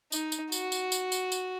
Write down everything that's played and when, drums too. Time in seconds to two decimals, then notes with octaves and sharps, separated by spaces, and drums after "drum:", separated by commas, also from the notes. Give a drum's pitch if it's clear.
0.12 D#4, drum: tambourine
0.32 drum: tambourine
0.52 F#4, drum: tambourine
0.72 drum: tambourine
0.92 drum: tambourine
1.12 drum: tambourine
1.32 drum: tambourine